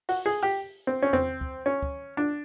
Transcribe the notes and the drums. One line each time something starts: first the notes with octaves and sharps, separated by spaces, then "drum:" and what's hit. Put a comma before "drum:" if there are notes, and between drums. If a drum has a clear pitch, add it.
F#4, drum: open hi-hat
G#4
G4
C4
C#4
C4, drum: tom E2
drum: kick
C#4
drum: kick
D4